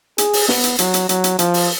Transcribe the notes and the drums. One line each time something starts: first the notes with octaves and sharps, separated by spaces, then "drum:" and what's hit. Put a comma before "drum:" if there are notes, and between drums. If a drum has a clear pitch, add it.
G#4, drum: hi-hat
drum: open hi-hat
B3, drum: snare
drum: hi-hat
F#3, drum: hi-hat
drum: hi-hat
F#3, drum: hi-hat
drum: hi-hat
F3, drum: hi-hat
drum: open hi-hat